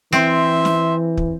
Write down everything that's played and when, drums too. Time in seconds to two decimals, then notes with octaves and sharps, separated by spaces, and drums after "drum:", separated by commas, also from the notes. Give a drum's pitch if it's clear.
0.13 E3 C4 E5 C6, drum: snare
0.65 drum: snare
1.17 drum: kick